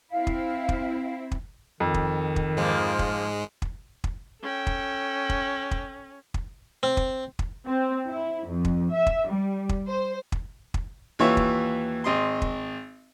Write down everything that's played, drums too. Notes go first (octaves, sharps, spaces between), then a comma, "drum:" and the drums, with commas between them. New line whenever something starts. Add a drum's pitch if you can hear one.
C4 E4 F5
drum: kick
drum: kick
drum: kick
F2 D#3
drum: kick
drum: kick
G#2 F3 G#3 A#3
drum: kick
drum: kick
drum: kick
C#4 A4 G5
drum: kick
drum: kick
drum: kick
drum: kick
C4
drum: kick
drum: kick
C4
E4
F2
drum: kick
E5
drum: kick
G3
drum: kick
C5
drum: kick
drum: kick
D#2 E3 F4 C#5 E5
drum: kick
G#1 D#5 C6
drum: kick